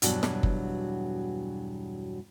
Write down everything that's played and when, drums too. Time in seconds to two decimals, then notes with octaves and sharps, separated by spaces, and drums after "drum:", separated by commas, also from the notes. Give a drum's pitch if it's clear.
0.02 E2 G2 B2 F#3 G3 D4, drum: hi-hat
0.23 drum: snare
0.43 drum: kick F#1